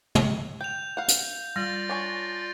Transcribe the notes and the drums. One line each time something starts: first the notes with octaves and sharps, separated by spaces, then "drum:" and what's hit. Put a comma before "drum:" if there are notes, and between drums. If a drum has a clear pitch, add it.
drum: tom
G5 G6 F7
F5 F#5
drum: hi-hat
G3 F4 D5 A#6
D4 C#5 G#5